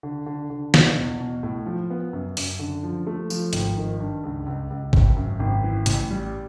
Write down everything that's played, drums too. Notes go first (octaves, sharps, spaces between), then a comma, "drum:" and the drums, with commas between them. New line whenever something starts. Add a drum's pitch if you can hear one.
D3
D3
D3
B2, drum: snare
E2
B2
A2
F3
B3
F#2
F#2, drum: open hi-hat
D3
F3
A3
F3, drum: tambourine
G#1, drum: hi-hat
D#3
G2
C#2
C#2
C#2
G#1, drum: kick G#1
F#2
G#1
E3
A1, drum: hi-hat
G3